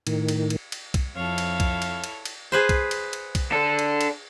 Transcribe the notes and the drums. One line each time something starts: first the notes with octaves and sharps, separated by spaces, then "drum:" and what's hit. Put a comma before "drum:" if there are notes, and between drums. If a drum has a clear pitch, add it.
A2 D#3, drum: cymbal
drum: cymbal
drum: cymbal
drum: cymbal
drum: kick B1, cymbal
F2 E4 A4 C#5 F5
drum: cymbal
drum: kick B1, cymbal
drum: cymbal
drum: cymbal
drum: cymbal
G#4 B4 C5
drum: kick B1, cymbal
drum: cymbal
drum: cymbal
drum: kick B1, cymbal
D4 A4
drum: cymbal
drum: cymbal